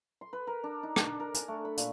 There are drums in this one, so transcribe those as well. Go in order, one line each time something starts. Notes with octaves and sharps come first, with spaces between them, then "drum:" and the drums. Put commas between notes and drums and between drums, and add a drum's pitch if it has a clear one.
C6
B4
A#4
D4
D#4
D4, drum: rim click
A#4
G#5, drum: hi-hat
A3
B5
A#2, drum: hi-hat